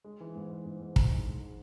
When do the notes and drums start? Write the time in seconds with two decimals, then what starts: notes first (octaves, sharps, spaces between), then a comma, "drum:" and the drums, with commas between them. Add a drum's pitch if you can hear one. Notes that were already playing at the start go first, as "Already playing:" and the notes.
0.04 G#3
0.20 E3
0.35 G#2
0.50 G#3
0.65 G#2
0.81 G#2
0.96 G#3, drum: kick
1.11 D#4
1.26 G#3
1.40 G#3